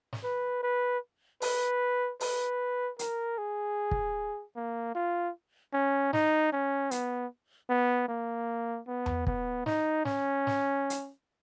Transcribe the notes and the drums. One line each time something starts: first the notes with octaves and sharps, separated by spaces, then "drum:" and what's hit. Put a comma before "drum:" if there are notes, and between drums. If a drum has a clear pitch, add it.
drum: snare
B4
B4
B4, drum: open hi-hat
B4, drum: open hi-hat
A#4, drum: hi-hat
G#4
drum: kick
A#3
F4
C#4
D#4, drum: snare
C#4
B3, drum: hi-hat
B3
A#3
B3
drum: tom E2
B3, drum: kick
D#4, drum: snare
C#4, drum: snare
drum: snare
drum: hi-hat